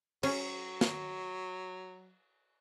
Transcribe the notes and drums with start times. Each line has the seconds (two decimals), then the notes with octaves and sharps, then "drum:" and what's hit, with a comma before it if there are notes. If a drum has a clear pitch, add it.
0.23 F#3 C#4, drum: cymbal
0.81 drum: snare